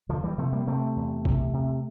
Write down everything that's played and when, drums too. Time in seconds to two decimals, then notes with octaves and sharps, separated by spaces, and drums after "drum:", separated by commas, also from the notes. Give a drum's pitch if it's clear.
0.09 E2 D3 F3
0.24 E3 G3
0.38 C3 F3 A3
0.53 G3 A#3
0.67 C3 A3 C4
0.96 E2
1.25 C3, drum: kick A#1
1.53 C3